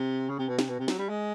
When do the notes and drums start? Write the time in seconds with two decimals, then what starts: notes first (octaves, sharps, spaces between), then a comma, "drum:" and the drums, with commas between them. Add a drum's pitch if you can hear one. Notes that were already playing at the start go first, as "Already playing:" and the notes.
Already playing: C3
0.29 C#3
0.39 C3
0.48 B2
0.59 C3, drum: snare
0.69 B2
0.79 C3
0.88 F#3, drum: snare
0.99 G3
1.09 G#3